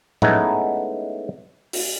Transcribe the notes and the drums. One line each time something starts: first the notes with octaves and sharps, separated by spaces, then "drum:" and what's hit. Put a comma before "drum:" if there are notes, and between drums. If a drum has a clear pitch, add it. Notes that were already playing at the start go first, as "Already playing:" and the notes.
G#3 A3 B3 C#4 D#4 E4, drum: tom A2
drum: open hi-hat